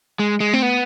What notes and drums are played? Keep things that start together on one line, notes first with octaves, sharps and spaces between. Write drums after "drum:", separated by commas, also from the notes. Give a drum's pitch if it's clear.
G#3
G#3
C4, drum: tom A3
B3